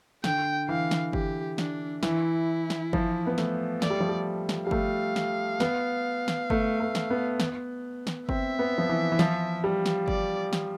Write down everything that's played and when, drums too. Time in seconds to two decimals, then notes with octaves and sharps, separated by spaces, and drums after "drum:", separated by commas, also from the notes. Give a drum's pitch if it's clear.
0.24 D3 G5, drum: snare
0.69 E3 F5
0.91 drum: snare
1.13 G4, drum: kick G1
1.58 D4, drum: snare
2.03 E3 E4, drum: snare
2.70 drum: snare
2.93 F3, drum: kick G1
3.27 B3
3.38 A3, drum: snare
3.82 A3 D5, drum: snare
3.90 G3
4.00 F3
4.09 G3
4.49 drum: snare
4.67 G3
4.71 A3 F5, drum: kick G1
5.16 drum: snare
5.60 B3, drum: snare
6.28 drum: snare
6.50 A3, drum: kick G1
6.80 A3
6.95 drum: snare
7.10 B3
7.40 drum: snare
8.07 drum: snare
8.29 C4 E5, drum: kick G1
8.59 B3
8.78 F3
8.89 E3
9.12 E3
9.19 F3, drum: snare
9.64 G3
9.86 drum: snare
10.08 D5, drum: kick G1
10.53 drum: snare